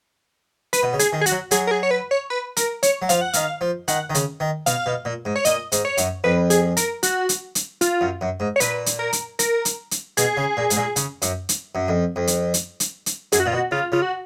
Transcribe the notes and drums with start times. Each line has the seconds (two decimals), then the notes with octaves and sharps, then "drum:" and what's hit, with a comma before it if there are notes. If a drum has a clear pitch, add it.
0.73 B4, drum: hi-hat
0.83 B2
0.93 C#3
0.99 G#4, drum: hi-hat
1.13 D#3
1.21 G#4
1.26 F#4, drum: hi-hat
1.32 F#3
1.51 F#3 G#4, drum: hi-hat
1.67 A#4
1.71 G#4
1.83 C#5
1.91 B4
2.11 C#5
2.30 B4
2.57 A#4, drum: hi-hat
2.83 C#5, drum: hi-hat
3.02 F#3
3.09 F3 F5, drum: hi-hat
3.21 F#5
3.33 D#3 F5, drum: hi-hat
3.61 F3
3.88 D#3 F#5, drum: hi-hat
4.10 D#3
4.15 C#3, drum: hi-hat
4.40 D#3
4.66 B2 F5, drum: hi-hat
4.86 B2
5.05 A#2
5.25 G#2
5.36 C#5
5.45 A#2 D#5, drum: hi-hat
5.72 G#2, drum: hi-hat
5.85 C#5
5.98 F#2, drum: hi-hat
6.24 F2 B4
6.50 G#4, drum: hi-hat
6.77 A#4, drum: hi-hat
7.03 F#4, drum: hi-hat
7.29 drum: hi-hat
7.55 drum: hi-hat
7.81 F4, drum: hi-hat
8.01 F#2
8.21 F#2
8.40 G#2
8.56 C#5
8.60 A#2 B4, drum: hi-hat
8.86 drum: hi-hat
8.99 A#4
9.13 drum: hi-hat
9.39 A#4, drum: hi-hat
9.65 drum: hi-hat
9.91 drum: hi-hat
10.17 B2 G#4, drum: hi-hat
10.37 C#3
10.57 A#2
10.70 G#2, drum: hi-hat
10.76 A#2
10.96 C#3, drum: hi-hat
11.22 F#2, drum: hi-hat
11.49 drum: hi-hat
11.75 F#2
11.88 F2
12.16 F2
12.27 drum: hi-hat
12.54 drum: hi-hat
12.80 drum: hi-hat
13.06 drum: hi-hat
13.32 F#2 G#4, drum: hi-hat
13.40 F#4
13.46 A#2 F4
13.52 B2 F#4
13.71 C#3 F4
13.92 C#3 F4
14.02 F#4